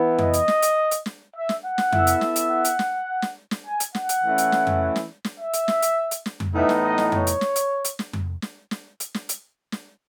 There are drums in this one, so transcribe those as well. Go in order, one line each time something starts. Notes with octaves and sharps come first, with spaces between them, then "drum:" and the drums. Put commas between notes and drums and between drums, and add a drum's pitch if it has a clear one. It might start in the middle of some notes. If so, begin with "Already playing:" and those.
Already playing: E3 B3 E4
D#5, drum: tom F2
drum: hi-hat
drum: snare
drum: hi-hat
drum: hi-hat
drum: snare
E5
drum: snare
F#5
drum: snare
B3 E4 A4 E5, drum: tom F2
drum: hi-hat
drum: snare
drum: hi-hat
F#5
drum: hi-hat
drum: snare
drum: snare
drum: snare
G#5
drum: hi-hat
F#5, drum: snare
drum: hi-hat
E3 A3 C#4 E4
drum: hi-hat
drum: snare
drum: tom F2
drum: snare
drum: snare
E5
drum: hi-hat
drum: snare
drum: hi-hat
drum: hi-hat
drum: snare
drum: tom F2
A2 E3 B3 D#4 E5
drum: snare
D#5
drum: snare
C#5, drum: tom F2
drum: hi-hat
drum: snare
drum: hi-hat
drum: hi-hat
drum: snare
drum: tom F2
drum: snare
drum: snare
drum: hi-hat
drum: snare
drum: hi-hat
drum: snare